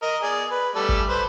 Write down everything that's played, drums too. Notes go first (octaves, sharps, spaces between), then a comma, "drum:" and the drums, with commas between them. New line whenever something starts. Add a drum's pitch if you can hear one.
A#4 D#5
G#4 D5
B4
G3 A3 A4
drum: kick G#1
B4 C5